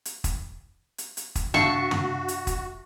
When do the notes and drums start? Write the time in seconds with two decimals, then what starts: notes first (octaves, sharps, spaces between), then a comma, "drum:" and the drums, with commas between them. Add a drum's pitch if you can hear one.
0.05 drum: hi-hat
0.24 drum: kick, hi-hat
0.98 drum: hi-hat
1.17 drum: hi-hat
1.35 drum: kick, hi-hat
1.54 D4 F#4 E5 F5 A5 C#6 C7, drum: tom
1.91 drum: tom
2.28 drum: hi-hat
2.47 drum: kick, hi-hat